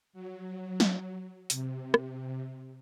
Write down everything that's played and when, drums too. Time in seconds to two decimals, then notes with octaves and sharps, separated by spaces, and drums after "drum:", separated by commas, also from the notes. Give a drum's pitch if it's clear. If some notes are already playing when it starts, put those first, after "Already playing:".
0.13 F#3
0.80 drum: snare
1.50 C3, drum: hi-hat
1.94 drum: rim click